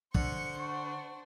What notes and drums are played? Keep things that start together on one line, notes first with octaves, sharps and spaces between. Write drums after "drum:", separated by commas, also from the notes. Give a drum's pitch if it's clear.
D3 C5 C#6 C#7, drum: kick
D4 F#5 C#6